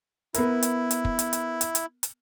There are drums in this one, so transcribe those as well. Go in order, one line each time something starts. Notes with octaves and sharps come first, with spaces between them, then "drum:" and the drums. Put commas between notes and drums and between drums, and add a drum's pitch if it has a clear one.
B3 E4 A#4, drum: hi-hat
drum: hi-hat
drum: hi-hat
drum: kick
drum: hi-hat
drum: hi-hat
drum: hi-hat
drum: hi-hat
drum: hi-hat